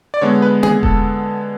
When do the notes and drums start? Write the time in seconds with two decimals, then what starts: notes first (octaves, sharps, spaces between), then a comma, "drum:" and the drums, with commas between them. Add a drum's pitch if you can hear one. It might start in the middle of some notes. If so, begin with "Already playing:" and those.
0.14 D5
0.21 D3 G#3 B3 C#5
0.42 B4
0.63 G#4, drum: tom A#3
0.83 A4, drum: kick E1